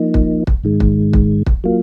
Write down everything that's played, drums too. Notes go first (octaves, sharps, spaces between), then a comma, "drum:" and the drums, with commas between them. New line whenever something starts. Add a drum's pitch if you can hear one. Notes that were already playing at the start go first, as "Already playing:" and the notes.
Already playing: F3 A#3 D#4
drum: kick
drum: kick
G#2 D#3 G#3
drum: kick
drum: kick
drum: kick
F#3 A#3 F4